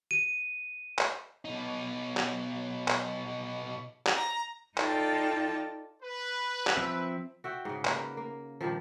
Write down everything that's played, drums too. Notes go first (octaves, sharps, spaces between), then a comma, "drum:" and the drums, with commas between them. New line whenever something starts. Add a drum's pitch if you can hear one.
D#7
drum: clap
B2 D#4
drum: clap
drum: clap
drum: clap
A#5
D#4 F4 A4 D5 G5 A5, drum: clap
B4
drum: clap
F3 C4 E5
F#4 E5 G5
G#2 C#3
A#3 A#4 B4, drum: clap
A#3
G2 A#2 D#3 F3